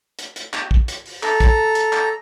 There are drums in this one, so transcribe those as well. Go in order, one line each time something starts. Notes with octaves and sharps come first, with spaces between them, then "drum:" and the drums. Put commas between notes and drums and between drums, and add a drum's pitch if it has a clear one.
drum: hi-hat
drum: hi-hat
drum: clap
drum: kick
drum: hi-hat
drum: open hi-hat
A4 A#5, drum: clap
drum: kick, hi-hat
drum: hi-hat
drum: clap